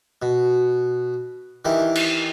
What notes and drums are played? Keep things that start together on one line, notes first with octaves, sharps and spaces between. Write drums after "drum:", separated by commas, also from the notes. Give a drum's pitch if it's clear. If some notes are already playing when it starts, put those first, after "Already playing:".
B2
D#3 E3 G4
drum: cymbal